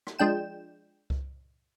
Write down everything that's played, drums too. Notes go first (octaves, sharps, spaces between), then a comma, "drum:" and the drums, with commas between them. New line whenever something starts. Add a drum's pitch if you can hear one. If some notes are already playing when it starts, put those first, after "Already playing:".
drum: rim click
F3 G#3 D4 G5 E7
drum: kick C2